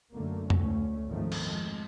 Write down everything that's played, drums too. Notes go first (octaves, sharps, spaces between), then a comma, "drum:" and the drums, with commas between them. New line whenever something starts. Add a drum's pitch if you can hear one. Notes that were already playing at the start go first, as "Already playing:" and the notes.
F#2 D3 A3 A#3
D2 A3 C#4, drum: tom
G#1 G2 D#3 F3 G#3 A3
drum: cymbal
F2 G#3